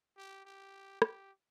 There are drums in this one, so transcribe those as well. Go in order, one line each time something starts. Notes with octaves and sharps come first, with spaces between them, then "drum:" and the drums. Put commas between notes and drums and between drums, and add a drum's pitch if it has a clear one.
G4
G4
G4, drum: rim click